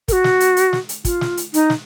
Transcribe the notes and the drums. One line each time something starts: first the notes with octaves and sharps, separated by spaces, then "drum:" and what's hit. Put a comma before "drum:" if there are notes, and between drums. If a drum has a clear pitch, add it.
A#4, drum: kick, hi-hat
F#4
drum: snare
drum: hi-hat
drum: hi-hat
drum: snare
drum: hi-hat
F4, drum: kick, hi-hat
drum: snare
drum: hi-hat
D#4, drum: hi-hat
drum: snare